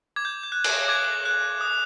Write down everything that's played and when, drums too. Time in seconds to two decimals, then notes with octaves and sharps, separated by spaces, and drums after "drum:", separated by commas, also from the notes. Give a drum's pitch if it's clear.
0.16 D6 G#6
0.25 G6
0.43 G6
0.52 F#6
0.64 drum: cymbal
0.88 D6 G#6
1.25 F#6
1.61 D#6